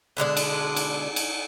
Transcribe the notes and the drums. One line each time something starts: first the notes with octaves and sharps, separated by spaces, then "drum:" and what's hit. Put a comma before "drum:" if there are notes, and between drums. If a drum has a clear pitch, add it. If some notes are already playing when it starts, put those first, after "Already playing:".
B2 D3 G#3 D4
drum: cymbal
drum: cymbal
drum: cymbal